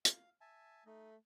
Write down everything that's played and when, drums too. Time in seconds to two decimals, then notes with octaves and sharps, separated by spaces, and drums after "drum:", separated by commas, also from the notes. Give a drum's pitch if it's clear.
0.05 F5, drum: hi-hat
0.41 E5 G#5 A5
0.86 A3 D#4 D#5